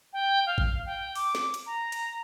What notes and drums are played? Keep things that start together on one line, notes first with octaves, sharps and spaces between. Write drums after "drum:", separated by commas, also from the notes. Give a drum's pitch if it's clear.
G5
F5
drum: kick
G5
D6, drum: open hi-hat
drum: snare
drum: hi-hat
A#5
drum: hi-hat